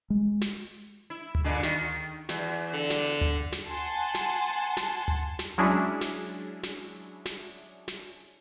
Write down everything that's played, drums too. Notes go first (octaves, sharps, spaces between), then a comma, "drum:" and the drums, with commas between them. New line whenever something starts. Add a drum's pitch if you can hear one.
G#3
drum: snare
E4
drum: tom D2
A#2 D3 G#3
D#3, drum: snare
E2, drum: snare
D3
drum: snare
drum: tom D2
drum: snare
F#5 G#5 A5 C6
drum: snare
drum: snare
drum: tom D2
drum: snare
F#3 G#3 C#4 D4 E4 G#4
drum: snare
drum: snare
drum: snare
drum: snare